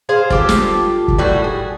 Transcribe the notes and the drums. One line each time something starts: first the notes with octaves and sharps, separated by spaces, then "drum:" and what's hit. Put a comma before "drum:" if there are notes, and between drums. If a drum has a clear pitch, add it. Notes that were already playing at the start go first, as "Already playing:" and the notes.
G#4 C5 F5
F4 G4 A4, drum: kick
drum: snare
drum: kick
A2 G3 F#4
G#4